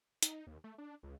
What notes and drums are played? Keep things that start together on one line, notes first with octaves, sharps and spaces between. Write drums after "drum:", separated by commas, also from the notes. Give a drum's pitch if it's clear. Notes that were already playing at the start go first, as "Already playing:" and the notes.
D#4, drum: hi-hat
D#2
A3
D4
C#2